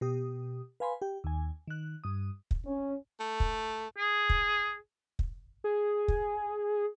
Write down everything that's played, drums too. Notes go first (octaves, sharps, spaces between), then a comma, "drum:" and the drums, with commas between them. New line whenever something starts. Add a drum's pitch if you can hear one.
B2 G4 D#6
B4 F5 G#5 B5 C6
G4 G5
D#2 G#5
D#3 F#6
G2 D#6
drum: kick
C#4
A3
drum: kick
G#4
drum: kick
drum: kick
G#4
drum: kick